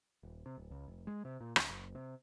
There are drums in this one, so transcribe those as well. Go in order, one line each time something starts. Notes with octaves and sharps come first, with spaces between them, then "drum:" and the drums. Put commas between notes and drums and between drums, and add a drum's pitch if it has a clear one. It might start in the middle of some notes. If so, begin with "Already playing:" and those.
D#1
C3
D1
C#2
F1
G#3
C3
A#2
C#2, drum: rim click
F#1
C3